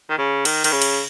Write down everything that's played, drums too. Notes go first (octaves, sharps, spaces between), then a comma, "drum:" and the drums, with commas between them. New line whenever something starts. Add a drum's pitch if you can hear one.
D#3
C#3
D#3, drum: cymbal
D#3, drum: cymbal
C#3
drum: cymbal